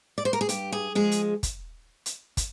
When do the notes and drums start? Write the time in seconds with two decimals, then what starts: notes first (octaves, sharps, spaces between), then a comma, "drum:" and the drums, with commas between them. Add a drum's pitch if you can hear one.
0.18 D5
0.25 C5
0.33 A#4
0.41 G#4
0.49 G2 G4, drum: hi-hat
0.72 G#4
0.95 F3 G#3 G#4
1.11 drum: hi-hat
1.43 drum: kick, hi-hat
2.06 drum: hi-hat
2.37 drum: kick, hi-hat